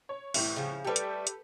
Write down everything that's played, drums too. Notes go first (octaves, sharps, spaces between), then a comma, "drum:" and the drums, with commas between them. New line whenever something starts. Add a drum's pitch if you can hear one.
C#5
C2 A2 E3 G6, drum: open hi-hat
C#3 F3
G3 A3 G4 A4 B4
drum: hi-hat
drum: hi-hat